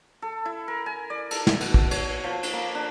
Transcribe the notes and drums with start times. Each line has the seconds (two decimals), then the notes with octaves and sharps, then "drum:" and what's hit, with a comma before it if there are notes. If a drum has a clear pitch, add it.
0.22 A4
0.45 E4
0.68 A#4
0.86 G#5
1.10 D5
1.31 A4, drum: cymbal
1.47 drum: snare
1.61 B2, drum: cymbal
1.74 drum: kick
1.91 C#5, drum: cymbal
2.24 F3
2.43 drum: cymbal
2.53 A#3
2.75 D4